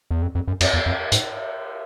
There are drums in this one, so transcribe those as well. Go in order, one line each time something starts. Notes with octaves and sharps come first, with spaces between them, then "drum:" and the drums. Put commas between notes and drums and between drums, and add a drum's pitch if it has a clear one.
E2
F2
F2
F#2
F2, drum: cymbal
E2
F2
G#2, drum: hi-hat